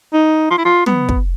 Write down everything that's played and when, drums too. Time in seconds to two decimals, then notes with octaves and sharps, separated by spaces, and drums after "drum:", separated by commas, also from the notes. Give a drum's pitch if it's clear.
0.13 D#4
0.51 F4
0.58 E4
0.65 F4
0.86 B3, drum: tom
1.09 drum: kick